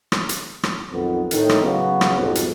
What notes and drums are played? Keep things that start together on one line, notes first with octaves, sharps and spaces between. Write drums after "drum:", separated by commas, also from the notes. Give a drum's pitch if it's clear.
drum: rim click
drum: hi-hat
drum: rim click
B1 F2 D#3 B3
A2 D#3, drum: hi-hat
drum: rim click
C#3 F#3 B3
drum: rim click
C2 F2 G#2 B2
drum: hi-hat